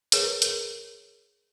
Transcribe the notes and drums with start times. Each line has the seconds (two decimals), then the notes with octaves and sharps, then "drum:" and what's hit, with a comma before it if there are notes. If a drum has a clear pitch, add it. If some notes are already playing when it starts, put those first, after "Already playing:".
0.12 G#4 A#4 B4 C#5, drum: hi-hat
0.42 A#4, drum: hi-hat